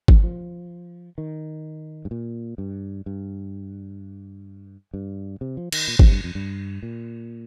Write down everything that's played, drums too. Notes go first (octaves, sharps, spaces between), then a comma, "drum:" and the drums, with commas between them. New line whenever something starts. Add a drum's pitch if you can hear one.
drum: kick G#1
F3
D#3
G2
A#2
G2
G2
G2
C3
F3
D#3, drum: cymbal
A#2
C3, drum: kick G#1
G2
F2
G2
A#2